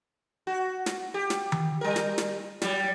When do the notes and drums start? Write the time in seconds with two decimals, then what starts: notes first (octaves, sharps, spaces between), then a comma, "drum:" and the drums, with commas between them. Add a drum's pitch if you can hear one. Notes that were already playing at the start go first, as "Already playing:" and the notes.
0.47 F#4
0.86 drum: snare
1.14 G4
1.30 drum: snare
1.52 drum: tom D#3
1.81 G3 A#4
1.96 drum: snare
2.18 drum: snare
2.62 F#3 G3, drum: snare